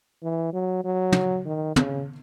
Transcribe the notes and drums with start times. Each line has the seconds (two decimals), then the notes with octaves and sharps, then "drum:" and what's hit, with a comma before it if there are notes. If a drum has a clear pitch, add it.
0.23 E3
0.53 F#3
0.84 F#3
1.12 drum: tom
1.46 D#3
1.76 C#3, drum: tom